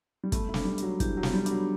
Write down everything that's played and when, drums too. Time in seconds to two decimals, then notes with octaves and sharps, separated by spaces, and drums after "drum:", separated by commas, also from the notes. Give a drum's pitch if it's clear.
0.24 G3
0.32 A3 B3, drum: kick, hi-hat
0.49 A3
0.54 D4, drum: snare
0.65 G3
0.78 F#3 B3, drum: hi-hat
1.00 E3 G4, drum: kick, hi-hat
1.17 F#3
1.23 B3, drum: snare
1.34 G3
1.46 D4, drum: hi-hat
1.51 F#3